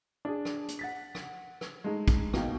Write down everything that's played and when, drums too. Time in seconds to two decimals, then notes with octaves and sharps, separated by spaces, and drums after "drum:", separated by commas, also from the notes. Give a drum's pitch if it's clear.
0.25 D4 G#4
0.45 drum: rim click
0.68 drum: hi-hat
0.79 F#5 A6 B6
1.15 drum: rim click
1.61 drum: rim click
1.84 G#3 A3 D#4
2.08 drum: kick, hi-hat
2.34 B2 A#3 D#4 G5, drum: rim click